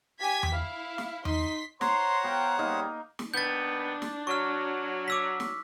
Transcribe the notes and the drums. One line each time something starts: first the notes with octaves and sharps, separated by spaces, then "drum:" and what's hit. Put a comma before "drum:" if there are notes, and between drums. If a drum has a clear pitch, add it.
G4 G#5 G#6 B6
drum: tom E2
E4 F5
drum: snare
D#4 C6 B6, drum: tom E2
C5 C#5 F#5 A#5 C6, drum: snare
B3 F4 G5
G3 A#3 D#4
drum: snare
D#2 B3 D4 G6 A6
drum: snare
F#3 C#6 F6
D6 E6 B6
drum: snare